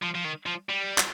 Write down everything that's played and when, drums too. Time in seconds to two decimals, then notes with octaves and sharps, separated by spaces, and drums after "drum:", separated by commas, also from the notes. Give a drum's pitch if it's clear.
0.02 F3
0.14 F3
0.24 D#3
0.46 F3
0.69 G3
0.98 drum: clap